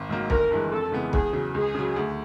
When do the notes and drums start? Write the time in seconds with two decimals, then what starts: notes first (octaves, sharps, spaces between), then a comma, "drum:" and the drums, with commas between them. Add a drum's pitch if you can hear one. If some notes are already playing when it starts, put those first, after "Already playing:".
Already playing: G#1
0.09 G#2 D#3 F#3 A#3
0.30 G1 A#4, drum: kick
0.51 G2 E3 G#3
0.71 F2 A4
0.92 C#3 E3 G#3 B3
1.13 E2 G#4, drum: kick
1.33 C#3 F#3
1.55 C#2 G#4
1.75 C#3 F#3
1.96 D2